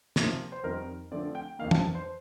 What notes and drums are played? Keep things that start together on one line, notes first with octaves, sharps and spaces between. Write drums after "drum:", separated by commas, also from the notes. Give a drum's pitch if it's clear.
C3 F3 A#3, drum: snare
C5
F2 D#3 G3 C4 A#4
D3 F3 A3 C4 D5
G5
F2 D#3 A#3 F5
A5, drum: tom
C5